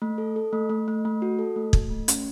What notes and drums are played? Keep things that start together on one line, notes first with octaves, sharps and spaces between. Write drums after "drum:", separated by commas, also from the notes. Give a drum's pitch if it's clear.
A3
A4
A4
A3
A3
A3
A3
F#4
A4
A3
A3, drum: kick
A3
C#4, drum: hi-hat